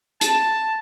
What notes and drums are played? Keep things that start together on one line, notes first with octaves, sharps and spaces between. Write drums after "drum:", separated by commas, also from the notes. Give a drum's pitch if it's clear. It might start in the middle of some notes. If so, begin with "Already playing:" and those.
A5, drum: hi-hat